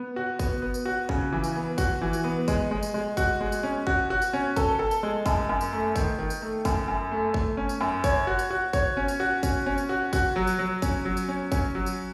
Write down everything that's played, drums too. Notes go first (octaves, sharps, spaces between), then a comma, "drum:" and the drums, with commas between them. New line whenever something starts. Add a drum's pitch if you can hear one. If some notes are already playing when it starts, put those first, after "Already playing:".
Already playing: B3
F#4
B3, drum: kick, tambourine
B3
drum: tambourine
F#4
C#3, drum: kick
E3
drum: tambourine
B3
F#4, drum: kick, tambourine
E3
drum: tambourine
B3
G#3, drum: kick, tambourine
G#3
drum: tambourine
G#3
F#4, drum: kick, tambourine
G#3
drum: tambourine
C#4
F#4, drum: kick
F#4
drum: tambourine
C#4
A4, drum: kick, tambourine
A4
drum: tambourine
G#3
F#2, drum: kick, tambourine
F#2
drum: tambourine
A3
D#3, drum: kick, tambourine
D#3
drum: tambourine
A3
F#2, drum: kick, tambourine
F#2
A3
A3, drum: kick
C#4
drum: tambourine
F#2
C#5, drum: kick, tambourine
F#4
drum: tambourine
F#4
C#5, drum: kick, tambourine
C#4
drum: tambourine
F#4
C#4, drum: kick, tambourine
C#4
drum: tambourine
F#4
F#4, drum: kick, tambourine
F#3
drum: tambourine
F#3
C#4, drum: kick, tambourine
F#3
drum: tambourine
C#4
C#4, drum: kick, tambourine
F#3
drum: tambourine